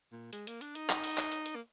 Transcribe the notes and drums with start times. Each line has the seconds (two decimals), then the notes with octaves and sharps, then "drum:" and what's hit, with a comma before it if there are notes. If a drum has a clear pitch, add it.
0.12 A#2
0.33 G#3, drum: hi-hat
0.47 A#3, drum: hi-hat
0.61 D4, drum: hi-hat
0.75 D#4, drum: hi-hat
0.89 drum: clap
1.04 drum: open hi-hat
1.18 drum: clap
1.32 drum: hi-hat
1.46 drum: hi-hat
1.56 A#3